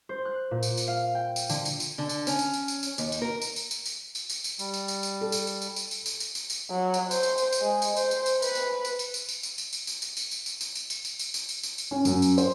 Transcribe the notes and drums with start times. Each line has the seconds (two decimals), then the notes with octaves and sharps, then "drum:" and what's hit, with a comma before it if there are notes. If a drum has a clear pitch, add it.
0.09 C5
0.25 F#6
0.51 A#2
0.63 drum: tambourine
0.77 drum: tambourine
0.88 F5
1.15 G5
1.36 drum: tambourine
1.49 D3, drum: tambourine
1.65 drum: tambourine
1.80 drum: tambourine
1.98 D3
2.09 drum: tambourine
2.27 C#4, drum: tambourine
2.39 drum: tambourine
2.53 drum: tambourine
2.68 drum: tambourine
2.83 drum: tambourine
2.98 D#2, drum: tambourine
3.12 drum: tambourine
3.22 A#4
3.42 drum: tambourine
3.56 drum: tambourine
3.71 drum: tambourine
3.86 drum: tambourine
4.15 drum: tambourine
4.30 drum: tambourine
4.44 drum: tambourine
4.59 G3, drum: tambourine
4.74 drum: tambourine
4.88 drum: tambourine
5.03 drum: tambourine
5.21 A4
5.32 drum: tambourine
5.47 drum: tambourine
5.62 drum: tambourine
5.76 drum: tambourine
5.91 drum: tambourine
6.06 drum: tambourine
6.20 drum: tambourine
6.35 drum: tambourine
6.50 drum: tambourine
6.71 F#3
6.94 drum: tambourine
7.11 C5, drum: tambourine
7.23 drum: tambourine
7.38 drum: tambourine
7.52 drum: tambourine
7.62 G#3
7.82 drum: tambourine
7.96 C5, drum: tambourine
8.11 drum: tambourine
8.26 drum: tambourine
8.42 B4, drum: tambourine
8.55 drum: tambourine
8.85 drum: tambourine
8.99 drum: tambourine
9.14 drum: tambourine
9.29 drum: tambourine
9.43 drum: tambourine
9.58 drum: tambourine
9.73 drum: tambourine
9.87 drum: tambourine
10.02 drum: tambourine
10.17 drum: tambourine
10.31 drum: tambourine
10.46 drum: tambourine
10.61 drum: tambourine
10.75 drum: tambourine
10.90 drum: tambourine
11.05 drum: tambourine
11.19 drum: tambourine
11.34 drum: tambourine
11.49 drum: tambourine
11.63 drum: tambourine
11.78 drum: tambourine
11.91 C#4
12.05 F#2, drum: tambourine
12.22 drum: tambourine
12.38 C5, drum: tambourine